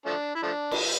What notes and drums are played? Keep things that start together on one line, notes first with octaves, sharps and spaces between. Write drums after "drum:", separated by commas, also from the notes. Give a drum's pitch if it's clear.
F3 A3 D4
E4
F3 A3 D4
drum: cymbal